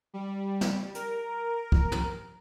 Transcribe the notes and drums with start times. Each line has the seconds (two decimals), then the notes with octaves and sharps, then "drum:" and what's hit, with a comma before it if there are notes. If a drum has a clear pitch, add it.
0.14 G3
0.61 drum: snare
0.95 A#4, drum: hi-hat
1.72 drum: kick
1.92 drum: tom